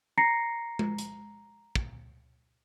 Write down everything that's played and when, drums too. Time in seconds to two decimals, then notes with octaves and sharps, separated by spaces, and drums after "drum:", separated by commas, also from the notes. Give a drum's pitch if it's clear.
0.18 A#5 A#6 C7 C#7
0.79 drum: tom G#3
0.98 drum: hi-hat
1.75 drum: kick